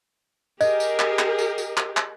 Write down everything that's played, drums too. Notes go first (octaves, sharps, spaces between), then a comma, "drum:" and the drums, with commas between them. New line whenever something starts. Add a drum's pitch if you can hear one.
G4 G#4 A#4 D#5, drum: tambourine
drum: tambourine
drum: clap
drum: clap
drum: tambourine
drum: tambourine
drum: clap
drum: clap